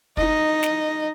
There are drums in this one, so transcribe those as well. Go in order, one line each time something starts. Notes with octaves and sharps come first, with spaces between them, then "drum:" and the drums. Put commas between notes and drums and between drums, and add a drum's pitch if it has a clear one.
D#4 D#5, drum: kick
drum: snare